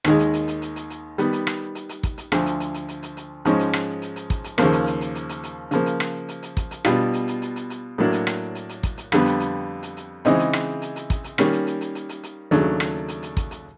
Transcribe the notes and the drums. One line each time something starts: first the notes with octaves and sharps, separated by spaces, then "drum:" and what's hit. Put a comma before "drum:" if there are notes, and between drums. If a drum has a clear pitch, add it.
D#2 D#3 G#3, drum: rim click
drum: hi-hat
drum: hi-hat
drum: hi-hat
drum: hi-hat
drum: hi-hat
drum: hi-hat
D#3 G3 B3, drum: hi-hat
drum: hi-hat
drum: rim click
drum: hi-hat
drum: hi-hat
drum: kick, hi-hat
drum: hi-hat
D2 D3 F3, drum: rim click
drum: hi-hat
drum: hi-hat
drum: hi-hat
drum: hi-hat
drum: hi-hat
drum: hi-hat
G#2 F3 G#3 C#4, drum: hi-hat
drum: hi-hat
drum: rim click
drum: hi-hat
drum: hi-hat
drum: kick, hi-hat
drum: hi-hat
D#2 C#3 F3 A#3, drum: rim click
drum: hi-hat
drum: hi-hat
drum: hi-hat
drum: hi-hat
drum: hi-hat
drum: hi-hat
C#3 F3 A#3, drum: hi-hat
drum: hi-hat
drum: rim click
drum: hi-hat
drum: hi-hat
drum: kick, hi-hat
drum: hi-hat
B2 G3 B3 D4 F4, drum: rim click
drum: hi-hat
drum: hi-hat
drum: hi-hat
drum: hi-hat
drum: hi-hat
A2 F#3 A#3 D4 F#4
drum: hi-hat
drum: rim click
drum: hi-hat
drum: hi-hat
drum: kick, hi-hat
drum: hi-hat
F2 D3 G3 B3, drum: rim click
drum: hi-hat
drum: hi-hat
drum: hi-hat
drum: hi-hat
C#3 E3 G#3 C4 D#4, drum: hi-hat
drum: hi-hat
drum: rim click
drum: hi-hat
drum: hi-hat
drum: kick, hi-hat
drum: hi-hat
D#3 G3 A#3 C#4, drum: rim click
drum: hi-hat
drum: hi-hat
drum: hi-hat
drum: hi-hat
drum: hi-hat
drum: hi-hat
D#2 C#3 F#3 A3 D4, drum: hi-hat
drum: rim click
drum: hi-hat
drum: hi-hat
drum: kick, hi-hat
drum: hi-hat